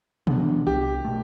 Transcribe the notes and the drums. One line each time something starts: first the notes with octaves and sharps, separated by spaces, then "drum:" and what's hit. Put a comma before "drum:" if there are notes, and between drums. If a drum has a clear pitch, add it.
E3 B3 D4, drum: tom
C2 G4
B2 A3